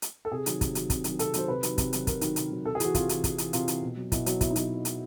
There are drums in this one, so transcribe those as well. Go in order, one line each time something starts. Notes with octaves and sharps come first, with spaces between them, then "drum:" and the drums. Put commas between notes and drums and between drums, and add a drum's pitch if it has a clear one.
drum: hi-hat
A4
C3 G#4
D#3 F#3, drum: hi-hat
C3, drum: kick, hi-hat
D#3 F#3, drum: hi-hat
C3, drum: kick, hi-hat
D#3 F#3, drum: hi-hat
C3 A4, drum: hi-hat
D#3 F#3 C5, drum: hi-hat
C3 B4
D#3 F#3, drum: hi-hat
C3, drum: kick, hi-hat
D#3 F#3, drum: hi-hat
C3 A#4, drum: kick, hi-hat
D#3 F#3, drum: hi-hat
C3, drum: hi-hat
D#3 F#3
C3 A4
G#4
E3 F#4, drum: hi-hat
C3 F4, drum: kick, hi-hat
E3, drum: hi-hat
C3, drum: kick, hi-hat
E3, drum: hi-hat
C3 F4, drum: hi-hat
E3, drum: hi-hat
B2
F#3
B2 E4, drum: kick, hi-hat
F#3, drum: hi-hat
B2 E4, drum: kick, hi-hat
D#4
F#3, drum: hi-hat
drum: hi-hat